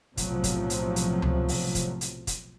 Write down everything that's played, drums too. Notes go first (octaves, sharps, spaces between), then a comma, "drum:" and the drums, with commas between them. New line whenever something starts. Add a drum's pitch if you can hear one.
B1 A2 C3 F3 F#3, drum: kick, hi-hat
drum: kick, hi-hat
drum: hi-hat
drum: hi-hat
drum: tom C#2
drum: open hi-hat
drum: kick, hi-hat
drum: hi-hat
drum: kick, hi-hat